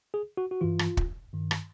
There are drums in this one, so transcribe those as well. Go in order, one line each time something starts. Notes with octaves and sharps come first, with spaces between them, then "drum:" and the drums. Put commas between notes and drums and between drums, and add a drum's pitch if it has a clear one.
G#4
F#4
F#4
G2 E3 F4
drum: rim click
drum: kick
G2 D#3
drum: rim click